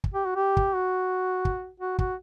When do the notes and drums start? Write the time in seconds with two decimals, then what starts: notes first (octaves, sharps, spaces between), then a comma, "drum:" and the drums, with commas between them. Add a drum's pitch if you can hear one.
0.04 drum: kick
0.14 G4
0.25 F#4
0.36 G4
0.57 drum: kick
0.74 F#4
1.45 drum: kick
1.80 F#4
1.99 F#4, drum: kick